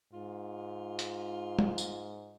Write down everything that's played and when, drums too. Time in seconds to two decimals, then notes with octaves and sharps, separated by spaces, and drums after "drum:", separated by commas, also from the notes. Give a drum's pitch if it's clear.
0.13 G#2 F4
0.99 drum: hi-hat
1.59 drum: tom
1.78 drum: tambourine